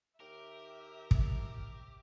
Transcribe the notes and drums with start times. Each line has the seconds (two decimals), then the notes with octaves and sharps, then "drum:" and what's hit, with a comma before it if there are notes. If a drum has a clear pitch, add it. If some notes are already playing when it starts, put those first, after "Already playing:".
0.20 D#2 G4 A#4 E5
1.11 drum: kick